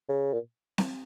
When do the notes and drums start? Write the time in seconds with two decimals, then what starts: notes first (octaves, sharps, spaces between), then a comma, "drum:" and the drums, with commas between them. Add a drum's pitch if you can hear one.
0.09 C#3
0.33 A#2
0.78 drum: snare C4